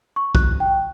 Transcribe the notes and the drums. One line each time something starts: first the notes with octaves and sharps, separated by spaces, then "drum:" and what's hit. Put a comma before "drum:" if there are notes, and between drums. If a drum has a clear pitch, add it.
C#6
F#6, drum: kick
G5